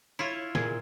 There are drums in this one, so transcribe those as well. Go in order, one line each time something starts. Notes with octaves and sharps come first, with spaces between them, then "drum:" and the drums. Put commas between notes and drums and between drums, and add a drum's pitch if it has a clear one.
E4 F4 C#5
A#2 G#4, drum: snare